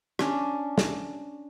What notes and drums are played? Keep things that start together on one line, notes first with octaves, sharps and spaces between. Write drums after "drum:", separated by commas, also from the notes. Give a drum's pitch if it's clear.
C#4 D4, drum: rim click
drum: snare